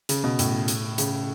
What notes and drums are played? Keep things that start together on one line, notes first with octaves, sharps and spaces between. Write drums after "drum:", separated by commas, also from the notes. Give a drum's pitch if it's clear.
C#3, drum: hi-hat
B2
A2, drum: hi-hat
drum: hi-hat
C#3, drum: hi-hat